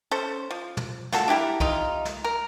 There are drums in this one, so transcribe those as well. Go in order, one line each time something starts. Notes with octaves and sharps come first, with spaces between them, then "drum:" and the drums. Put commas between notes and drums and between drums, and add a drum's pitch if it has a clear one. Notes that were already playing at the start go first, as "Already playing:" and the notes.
C#4 A4 C5
F3
drum: tom
F4 F#4 A4, drum: snare
D4 E4 G4 A#4
C3 D#4 F4, drum: kick C2
drum: snare
A#4